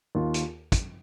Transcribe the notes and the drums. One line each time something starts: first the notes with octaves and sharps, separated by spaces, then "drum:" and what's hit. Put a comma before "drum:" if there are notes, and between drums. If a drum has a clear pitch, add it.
D#2 D#3 A#3 F4
drum: hi-hat
drum: kick, hi-hat